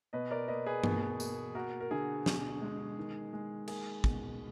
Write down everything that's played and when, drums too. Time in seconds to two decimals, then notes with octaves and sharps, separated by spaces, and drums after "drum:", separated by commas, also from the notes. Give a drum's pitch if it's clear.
0.13 B2 B4 D#5
0.31 A#4 D5
0.48 A#3 B4 D#5
0.66 G#4 B4
0.84 B2, drum: tom
1.20 A#3, drum: tambourine
1.55 A#3 F#4 A#4
1.80 A#4
1.91 D3 G#4
2.26 B2, drum: snare
2.62 G#3
2.98 D#3
3.33 G#3
3.68 A#3 G#4, drum: cymbal
4.04 B2, drum: kick